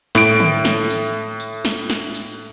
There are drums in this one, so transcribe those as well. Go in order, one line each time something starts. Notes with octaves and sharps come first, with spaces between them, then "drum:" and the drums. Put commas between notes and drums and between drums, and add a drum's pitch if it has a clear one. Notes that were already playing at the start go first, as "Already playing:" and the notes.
A2 D7, drum: snare
drum: tom D3
drum: snare
drum: tambourine
drum: tambourine
drum: snare
drum: snare
drum: tambourine